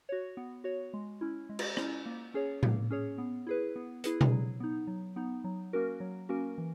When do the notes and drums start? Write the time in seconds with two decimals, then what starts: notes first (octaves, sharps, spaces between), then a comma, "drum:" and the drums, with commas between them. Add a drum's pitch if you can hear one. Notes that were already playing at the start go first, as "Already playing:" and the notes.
0.09 F#4 C#5
0.37 B3
0.64 F#4 C#5
0.94 G#3
1.21 C#4 E4
1.49 G#3
1.59 drum: cymbal
1.77 C#4 E4, drum: rim click
2.06 A#3
2.34 C#4 G#4 C#5
2.63 A#3, drum: tom A2
2.90 C#4 G#4 C#5
3.18 B3
3.47 E4 G#4 B4
3.76 B3
4.04 E4 G#4 B4, drum: hi-hat
4.21 drum: tom B2
4.31 F#3
4.60 B3 D#4
4.87 F#3
5.16 B3 D#4
5.44 F#3
5.73 A#3 C#4 F#4 A#4
6.00 F#3
6.29 A#3 C#4 F#4 A#4
6.58 E3